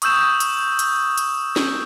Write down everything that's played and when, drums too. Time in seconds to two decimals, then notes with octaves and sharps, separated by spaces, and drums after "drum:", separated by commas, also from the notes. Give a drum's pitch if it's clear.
0.02 C#6 D#6 E6 G6 E7, drum: hi-hat
0.40 drum: hi-hat
0.79 drum: hi-hat
1.18 drum: hi-hat
1.56 drum: snare C#4